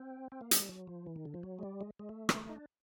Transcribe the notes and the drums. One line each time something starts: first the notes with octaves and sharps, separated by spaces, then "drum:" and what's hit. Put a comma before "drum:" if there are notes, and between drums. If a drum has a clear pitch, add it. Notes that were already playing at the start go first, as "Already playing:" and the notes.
Already playing: C4
C4
A#3
G#3, drum: hi-hat
G3
F#3
F3
E3
D#3
D3
F3
F#3
G#3
G3
G#3
G#3
A3
drum: rim click
D#4
D4